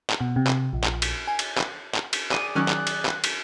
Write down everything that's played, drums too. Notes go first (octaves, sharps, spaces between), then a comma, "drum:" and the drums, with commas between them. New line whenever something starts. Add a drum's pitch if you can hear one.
drum: clap
B2
C3
drum: clap
A#1
drum: clap
drum: cymbal
G#5
drum: cymbal
drum: clap
drum: clap
drum: cymbal
G#4 D5 D#7, drum: clap
D#3 F#3 C#4 F#6
drum: clap
drum: cymbal
drum: clap
drum: cymbal